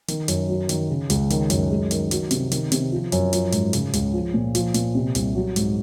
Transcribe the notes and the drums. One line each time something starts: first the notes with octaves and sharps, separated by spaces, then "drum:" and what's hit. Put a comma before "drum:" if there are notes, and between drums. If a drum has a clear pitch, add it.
D#3, drum: hi-hat
F#2, drum: hi-hat
F#3
D#3, drum: hi-hat
C#3
C#2, drum: hi-hat
D#3, drum: hi-hat
F#2, drum: hi-hat
G#3
D#3, drum: hi-hat
F#3, drum: hi-hat
C3, drum: hi-hat
D#3, drum: hi-hat
C3, drum: hi-hat
F3
F#2, drum: hi-hat
F3, drum: hi-hat
G#2, drum: hi-hat
C#3, drum: hi-hat
C#2, drum: hi-hat
F3
A#2
F3, drum: hi-hat
A#2, drum: hi-hat
C3
C2, drum: hi-hat
F#3
G#2, drum: hi-hat